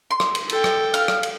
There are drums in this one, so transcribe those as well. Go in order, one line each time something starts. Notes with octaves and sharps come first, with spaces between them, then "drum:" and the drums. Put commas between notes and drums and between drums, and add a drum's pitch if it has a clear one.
C6
drum: rim click
drum: cymbal
A4 G5, drum: cymbal
drum: rim click
F5 F6, drum: cymbal
drum: rim click
drum: cymbal